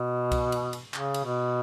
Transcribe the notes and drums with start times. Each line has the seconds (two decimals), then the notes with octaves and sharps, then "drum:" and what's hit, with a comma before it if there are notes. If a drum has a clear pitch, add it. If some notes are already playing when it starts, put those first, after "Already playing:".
Already playing: B2
0.32 drum: kick C2, cymbal
0.52 drum: cymbal
0.73 drum: cymbal
0.94 C#3, drum: clap
1.14 drum: cymbal
1.24 B2